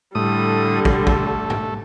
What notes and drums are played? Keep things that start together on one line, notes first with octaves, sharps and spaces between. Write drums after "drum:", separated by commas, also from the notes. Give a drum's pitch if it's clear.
A2 D3 G3 D#6
drum: kick
A3, drum: kick
drum: tom G#2